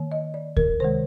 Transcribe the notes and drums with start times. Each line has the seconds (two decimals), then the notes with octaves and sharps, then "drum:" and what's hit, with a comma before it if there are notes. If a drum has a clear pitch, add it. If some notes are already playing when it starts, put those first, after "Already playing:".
Already playing: D#3 A#3
0.12 D#5
0.34 D5
0.57 A#4, drum: kick D2
0.80 C3 D#3 G#3 C5